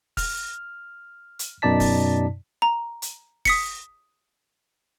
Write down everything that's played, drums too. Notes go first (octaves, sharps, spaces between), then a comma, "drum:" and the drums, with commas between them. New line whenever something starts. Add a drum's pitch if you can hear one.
F6, drum: kick, open hi-hat
drum: hi-hat
F#2 B2 D#4 D5 A5 B6
drum: kick, open hi-hat
A#5
drum: hi-hat
D#6 B6 C#7, drum: kick, open hi-hat